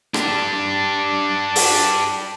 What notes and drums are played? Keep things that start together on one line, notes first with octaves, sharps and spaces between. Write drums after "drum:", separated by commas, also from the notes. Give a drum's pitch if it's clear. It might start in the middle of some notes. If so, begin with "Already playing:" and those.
D4 G4, drum: rim click
drum: open hi-hat